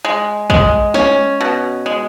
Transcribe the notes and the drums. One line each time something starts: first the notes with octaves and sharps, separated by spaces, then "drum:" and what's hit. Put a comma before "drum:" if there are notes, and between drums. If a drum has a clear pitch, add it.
G#3
G#3, drum: kick
C#4, drum: snare
B2
G#3